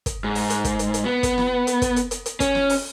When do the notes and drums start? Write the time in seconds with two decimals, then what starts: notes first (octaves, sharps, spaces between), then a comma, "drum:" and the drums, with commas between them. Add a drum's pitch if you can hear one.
0.06 drum: kick, hi-hat
0.24 G#2
0.35 drum: open hi-hat
0.50 drum: hi-hat
0.65 drum: kick, hi-hat
0.79 drum: hi-hat
0.94 drum: hi-hat
1.05 B3
1.23 drum: kick, hi-hat
1.38 drum: snare
1.67 drum: hi-hat
1.82 drum: kick, hi-hat
1.96 drum: hi-hat
2.11 drum: hi-hat
2.26 drum: hi-hat
2.40 C#4, drum: kick, hi-hat
2.55 drum: snare
2.70 drum: open hi-hat